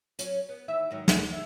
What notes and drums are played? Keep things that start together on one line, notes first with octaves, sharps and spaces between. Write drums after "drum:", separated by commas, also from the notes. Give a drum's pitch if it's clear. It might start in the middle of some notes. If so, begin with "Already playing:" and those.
F#3 C#4, drum: hi-hat
B3
D#2 E3 E5
G#2 D#3 F#3
E2 B2 D5, drum: snare
E5